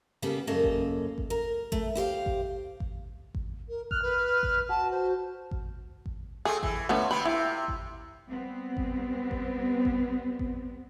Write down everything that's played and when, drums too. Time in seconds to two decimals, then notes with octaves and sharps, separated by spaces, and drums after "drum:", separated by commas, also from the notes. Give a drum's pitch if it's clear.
0.22 C#3 G3 A#3 B3 A4
0.47 F#2 C#3 A#3 A4 D#5
0.63 drum: kick G#1
1.18 drum: kick G#1
1.30 A#4
1.72 A3, drum: kick G#1
1.95 E4 G4 C5 F5
2.26 drum: kick G#1
2.80 drum: kick G#1
3.35 drum: kick G#1
3.69 A#4
3.91 F6 F#6, drum: kick G#1
4.02 B4
4.43 drum: kick G#1
4.69 F#4 A5
4.91 C5
5.51 drum: kick G#1
6.06 drum: kick G#1
6.45 A3 C4 G#4
6.63 E3, drum: kick G#1
6.89 D3 A3 B3 C#4
7.11 C3 B3 B5
7.25 C3 E4
7.68 drum: kick G#1
8.28 G3 B3 C4
8.77 drum: kick G#1
9.31 drum: kick G#1
9.85 drum: kick G#1
10.39 drum: kick G#1